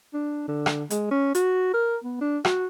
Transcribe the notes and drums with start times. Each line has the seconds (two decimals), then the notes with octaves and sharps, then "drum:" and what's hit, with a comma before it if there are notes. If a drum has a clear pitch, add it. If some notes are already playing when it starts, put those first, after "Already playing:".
0.14 D4
0.48 D3
0.66 drum: rim click
0.90 G#3, drum: hi-hat
1.11 C#4
1.35 F#4, drum: hi-hat
1.73 A#4
2.04 B3
2.21 D4
2.45 F#4, drum: rim click